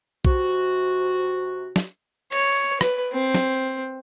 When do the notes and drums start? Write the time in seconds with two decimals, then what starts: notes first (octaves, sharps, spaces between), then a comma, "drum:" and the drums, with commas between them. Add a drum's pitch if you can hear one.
0.25 C3 F#4, drum: kick B1
1.76 drum: snare
2.32 C#5, drum: cymbal
2.81 B4, drum: rim click
3.13 C4
3.35 drum: snare